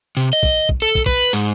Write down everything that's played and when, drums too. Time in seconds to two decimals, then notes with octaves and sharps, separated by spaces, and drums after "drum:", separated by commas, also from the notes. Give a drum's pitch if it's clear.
0.17 C3
0.33 D#5
0.43 drum: kick
0.69 drum: kick
0.82 A4
0.95 drum: kick
1.06 B4, drum: kick
1.33 G#2